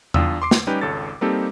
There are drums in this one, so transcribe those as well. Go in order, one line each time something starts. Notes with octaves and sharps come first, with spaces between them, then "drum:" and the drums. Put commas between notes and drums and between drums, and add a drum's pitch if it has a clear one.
E2 D4 F4 G5 D#6 E6, drum: tom E2
C6 D6 C7
drum: snare
G3 C#4 D#4 G4 B4
G#1 C#2 A4 C#5 A6
G3 A#3 C4 D#4 G4 A4